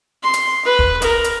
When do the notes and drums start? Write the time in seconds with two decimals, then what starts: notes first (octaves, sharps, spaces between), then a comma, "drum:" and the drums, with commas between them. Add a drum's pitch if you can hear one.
0.23 C6
0.34 drum: hi-hat
0.65 B4
0.79 drum: kick
1.02 A#4, drum: hi-hat
1.24 drum: hi-hat